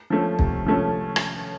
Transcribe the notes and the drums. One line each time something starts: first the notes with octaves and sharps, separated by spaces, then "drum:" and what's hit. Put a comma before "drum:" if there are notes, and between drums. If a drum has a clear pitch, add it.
F3 A3 C#4
C3, drum: kick
F3 A3 C#4
drum: rim click